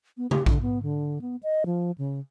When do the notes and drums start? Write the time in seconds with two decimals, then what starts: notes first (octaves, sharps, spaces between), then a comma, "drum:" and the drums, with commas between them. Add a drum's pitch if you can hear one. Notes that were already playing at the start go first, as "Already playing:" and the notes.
0.17 B3
0.31 G4, drum: tom C#3
0.46 D3, drum: kick A#1
0.62 B3
0.83 D3
1.21 B3
1.43 D#5
1.66 F3
1.98 C#3